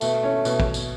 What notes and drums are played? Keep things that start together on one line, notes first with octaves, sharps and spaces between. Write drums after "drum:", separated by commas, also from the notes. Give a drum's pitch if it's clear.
B2 A3, drum: tambourine
C#4
B2, drum: tambourine
drum: kick
drum: tambourine